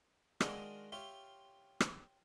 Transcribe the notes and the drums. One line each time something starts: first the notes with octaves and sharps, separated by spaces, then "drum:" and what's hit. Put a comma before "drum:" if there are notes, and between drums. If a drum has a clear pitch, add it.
D#3 G#3 D4 F4 F#4 G#4, drum: rim click
F4 G4 C#5 E5
drum: rim click